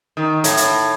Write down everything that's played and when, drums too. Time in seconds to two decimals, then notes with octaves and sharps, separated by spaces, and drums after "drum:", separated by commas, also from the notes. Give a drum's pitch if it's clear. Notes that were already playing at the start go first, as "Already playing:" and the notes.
0.17 D#3
0.44 A2, drum: hi-hat
0.57 drum: hi-hat